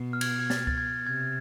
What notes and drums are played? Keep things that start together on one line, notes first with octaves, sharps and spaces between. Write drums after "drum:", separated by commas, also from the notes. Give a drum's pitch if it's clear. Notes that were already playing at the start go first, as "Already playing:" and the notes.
Already playing: B2
F6
G#6, drum: cymbal
G#6
A6, drum: snare
A6, drum: kick C#2
G#6
C3 G#6